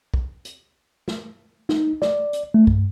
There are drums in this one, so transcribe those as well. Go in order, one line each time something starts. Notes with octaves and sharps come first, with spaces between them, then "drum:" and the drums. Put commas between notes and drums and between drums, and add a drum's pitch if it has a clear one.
drum: kick
drum: hi-hat
drum: snare
D#4, drum: snare
D5, drum: snare
drum: hi-hat
A3
G2, drum: kick